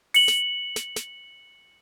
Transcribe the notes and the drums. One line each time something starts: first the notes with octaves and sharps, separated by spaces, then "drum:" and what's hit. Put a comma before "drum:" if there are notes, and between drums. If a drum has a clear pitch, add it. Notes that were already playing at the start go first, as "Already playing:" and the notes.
C#7 F#7, drum: open hi-hat
drum: snare
drum: snare
drum: snare